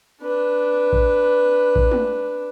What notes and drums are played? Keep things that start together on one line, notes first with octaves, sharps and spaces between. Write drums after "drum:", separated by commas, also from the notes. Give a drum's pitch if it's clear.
D4 B4
drum: kick A1
drum: kick A1
drum: tom